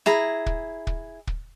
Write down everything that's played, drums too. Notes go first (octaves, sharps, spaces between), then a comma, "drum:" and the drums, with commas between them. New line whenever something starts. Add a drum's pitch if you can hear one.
E4 G#4 A#5, drum: snare
drum: kick
drum: kick
drum: kick